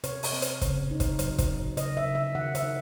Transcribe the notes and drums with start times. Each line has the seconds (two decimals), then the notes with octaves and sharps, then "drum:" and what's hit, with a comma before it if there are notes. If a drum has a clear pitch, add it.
0.04 C3 C#5, drum: hi-hat
0.23 drum: open hi-hat
0.33 C4
0.42 drum: hi-hat
0.61 C#3, drum: kick, hi-hat
0.91 D#4
1.00 drum: kick, hi-hat
1.19 F#3, drum: hi-hat
1.38 drum: kick, hi-hat
1.48 F#3
1.77 C#3 D#5, drum: hi-hat
1.97 E5
2.06 C#3
2.15 E5
2.35 D#3 F#5
2.55 E5, drum: hi-hat
2.63 D#4